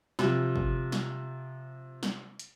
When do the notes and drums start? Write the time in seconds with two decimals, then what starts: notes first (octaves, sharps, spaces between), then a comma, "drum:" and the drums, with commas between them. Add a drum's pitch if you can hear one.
0.19 C3 F3, drum: snare
0.56 drum: kick
0.92 drum: snare
2.03 drum: snare
2.39 drum: hi-hat